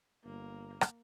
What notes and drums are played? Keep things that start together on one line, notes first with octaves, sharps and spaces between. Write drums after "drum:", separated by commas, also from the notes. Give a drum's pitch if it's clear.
G1 A#3
drum: rim click